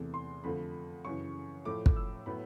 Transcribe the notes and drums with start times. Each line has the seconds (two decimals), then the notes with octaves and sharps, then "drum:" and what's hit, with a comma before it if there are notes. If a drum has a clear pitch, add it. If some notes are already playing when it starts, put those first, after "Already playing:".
Already playing: E2 C3 E3 A3
0.14 C6
0.44 F2 D3 F3 A3 B5
1.05 F#2 C#3 E3 C#6
1.65 A2 F3 A3 D6
1.86 drum: kick
1.96 E6
2.26 A2 F#3 B3 B5